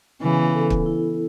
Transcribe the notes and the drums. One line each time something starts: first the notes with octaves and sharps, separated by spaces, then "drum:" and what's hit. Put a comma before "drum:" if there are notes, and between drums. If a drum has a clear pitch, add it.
C#3 E3 B3
A4
drum: kick
E4